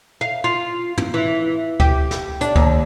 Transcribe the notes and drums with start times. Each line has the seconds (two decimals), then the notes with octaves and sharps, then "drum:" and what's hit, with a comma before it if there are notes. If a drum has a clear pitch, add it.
0.21 F5
0.44 F4
0.97 drum: tom
1.14 E3
1.80 G4, drum: kick C#2
2.11 drum: snare
2.41 D4, drum: hi-hat
2.56 D#2, drum: kick C#2